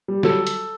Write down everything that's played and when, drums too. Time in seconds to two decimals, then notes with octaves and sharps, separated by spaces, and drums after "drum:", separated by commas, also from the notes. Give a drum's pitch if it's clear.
0.08 G3
0.23 F#3 A4, drum: snare
0.47 drum: hi-hat